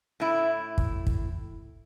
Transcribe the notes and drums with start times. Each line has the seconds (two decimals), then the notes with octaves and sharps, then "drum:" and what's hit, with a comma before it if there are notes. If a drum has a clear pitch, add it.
0.20 A2 E4
0.78 drum: kick
1.07 drum: kick